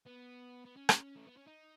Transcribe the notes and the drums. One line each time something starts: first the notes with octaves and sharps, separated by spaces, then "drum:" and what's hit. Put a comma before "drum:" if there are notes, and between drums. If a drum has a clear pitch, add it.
B3
B3
C#4
drum: rim click
A3
B3
C#4
D#4